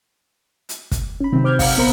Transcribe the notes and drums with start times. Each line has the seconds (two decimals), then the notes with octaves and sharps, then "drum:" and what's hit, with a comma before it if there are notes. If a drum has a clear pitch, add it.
0.69 drum: hi-hat
0.91 drum: kick, hi-hat
1.20 C#4 B5
1.32 C3 D#3 F#3 C4
1.44 C5 D6 F6 G6 G#6
1.59 F5 F#5, drum: kick, open hi-hat
1.77 A#1 B3 A#4 C5 A#5 B5